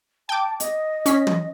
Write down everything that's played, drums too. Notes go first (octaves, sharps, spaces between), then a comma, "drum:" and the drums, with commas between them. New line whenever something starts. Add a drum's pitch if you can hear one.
G5 A5 D6
D#5, drum: hi-hat
C#4 B6, drum: hi-hat
drum: tom